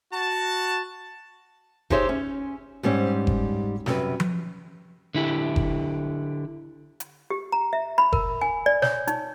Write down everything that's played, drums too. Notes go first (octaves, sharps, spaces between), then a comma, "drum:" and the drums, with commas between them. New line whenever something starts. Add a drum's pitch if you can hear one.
F#4 A5
D#4 G4 G#4 C5 C#5 E5, drum: kick F#1
C#4
G#2 G3 C4 C#4
drum: kick F#1
F#2 C3 G3 B4, drum: snare
drum: tom F3
D3 E4 G4
drum: kick F#1
drum: hi-hat
G4
A#5
E5
B5
A#4, drum: kick F#1
G#5
D5
C#5, drum: snare
D#4, drum: hi-hat